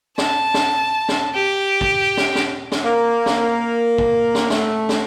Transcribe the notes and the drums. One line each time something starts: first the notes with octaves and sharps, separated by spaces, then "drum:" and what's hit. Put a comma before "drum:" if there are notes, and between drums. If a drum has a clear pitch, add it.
A5, drum: snare
drum: snare
drum: snare
G4
drum: kick
drum: snare
drum: snare
drum: snare
A#3
drum: snare
drum: kick
drum: snare
A3, drum: snare
drum: snare